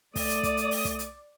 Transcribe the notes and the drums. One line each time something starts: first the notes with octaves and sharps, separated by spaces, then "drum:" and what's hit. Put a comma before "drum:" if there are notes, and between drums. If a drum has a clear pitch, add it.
A3 D5 D#6, drum: kick, open hi-hat
drum: hi-hat
drum: kick, hi-hat
drum: hi-hat
drum: open hi-hat
drum: kick, hi-hat
drum: hi-hat